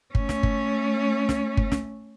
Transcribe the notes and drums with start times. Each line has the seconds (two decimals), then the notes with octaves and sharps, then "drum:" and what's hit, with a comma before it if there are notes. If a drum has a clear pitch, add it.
0.15 A3 C#4, drum: kick G1
0.29 drum: snare
0.43 drum: kick G1
1.29 drum: snare
1.57 drum: kick G1
1.72 drum: snare